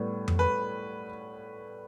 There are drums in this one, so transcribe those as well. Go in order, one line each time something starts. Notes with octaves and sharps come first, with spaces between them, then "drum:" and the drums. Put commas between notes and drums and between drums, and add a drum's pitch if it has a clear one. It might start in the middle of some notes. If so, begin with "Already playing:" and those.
Already playing: A2 G3 B3
drum: tom F2
B4